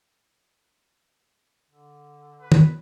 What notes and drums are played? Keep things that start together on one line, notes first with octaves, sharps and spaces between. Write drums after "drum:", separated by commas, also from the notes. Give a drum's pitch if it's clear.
D3
B4
drum: tom